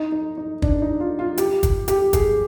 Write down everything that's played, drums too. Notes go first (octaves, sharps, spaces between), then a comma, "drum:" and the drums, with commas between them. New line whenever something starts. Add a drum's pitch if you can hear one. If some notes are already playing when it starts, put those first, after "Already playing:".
Already playing: D#4
D#4
D#4
D4, drum: kick
D#4
F4
F4
G4, drum: hi-hat
drum: kick, hi-hat
G4, drum: hi-hat
G#4, drum: kick, hi-hat